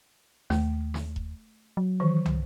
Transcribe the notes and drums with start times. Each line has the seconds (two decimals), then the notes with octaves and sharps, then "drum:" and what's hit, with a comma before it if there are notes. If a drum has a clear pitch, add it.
0.50 D#2 A3, drum: snare
0.94 drum: snare
1.16 drum: kick E1
1.77 F#3
2.00 D#3 E3
2.26 drum: tom